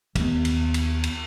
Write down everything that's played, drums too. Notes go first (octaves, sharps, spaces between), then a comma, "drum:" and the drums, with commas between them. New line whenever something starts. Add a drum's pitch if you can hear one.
D#2 B3, drum: kick, cymbal
drum: cymbal
drum: cymbal
drum: cymbal